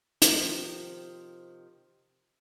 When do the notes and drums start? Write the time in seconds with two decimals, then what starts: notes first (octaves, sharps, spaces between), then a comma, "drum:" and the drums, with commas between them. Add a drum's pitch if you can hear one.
0.22 C3 D#3 F3, drum: hi-hat